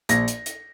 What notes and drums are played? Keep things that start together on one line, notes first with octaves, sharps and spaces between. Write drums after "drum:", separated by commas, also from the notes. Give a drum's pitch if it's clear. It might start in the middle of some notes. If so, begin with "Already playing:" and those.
A#1 A#6, drum: hi-hat
drum: hi-hat
drum: hi-hat